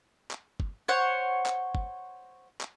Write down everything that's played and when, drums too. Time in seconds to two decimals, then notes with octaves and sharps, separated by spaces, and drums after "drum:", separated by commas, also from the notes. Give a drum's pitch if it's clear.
0.31 drum: clap
0.60 drum: kick
0.88 C5 C#5 F#5
1.46 drum: clap
1.75 drum: kick
2.61 drum: clap